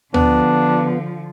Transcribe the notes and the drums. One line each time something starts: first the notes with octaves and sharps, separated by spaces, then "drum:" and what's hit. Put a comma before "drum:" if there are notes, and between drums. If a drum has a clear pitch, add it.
D3 F3 B3 D4, drum: tom D2